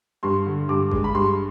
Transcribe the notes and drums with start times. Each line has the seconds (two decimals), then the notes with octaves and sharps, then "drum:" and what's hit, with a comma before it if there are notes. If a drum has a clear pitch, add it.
0.23 G2 C6
0.46 D3
0.69 G2 D6
0.91 G#3, drum: kick G#1
1.04 B5
1.14 G2 C6